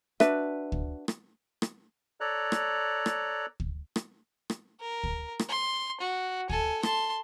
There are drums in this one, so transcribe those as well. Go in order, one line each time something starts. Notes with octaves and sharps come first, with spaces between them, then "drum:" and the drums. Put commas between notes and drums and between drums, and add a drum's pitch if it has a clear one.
D4 F#4 B4 E5, drum: rim click
drum: kick
drum: rim click
drum: rim click
A4 C#5 D5 A#5 F#6
drum: rim click
drum: rim click
drum: kick
drum: rim click
drum: rim click
A#4
drum: kick
drum: rim click
C6
F#4
A4 G#5, drum: kick
A5 C6, drum: rim click